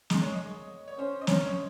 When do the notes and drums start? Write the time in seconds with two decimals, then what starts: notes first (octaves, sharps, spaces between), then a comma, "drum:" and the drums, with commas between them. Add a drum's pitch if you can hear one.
0.10 G#3 D#5, drum: snare
0.22 C#5
0.34 D#5
0.88 C#5
0.98 C#4 C5
1.21 D#5
1.27 C#4 C#5, drum: snare
1.45 C#5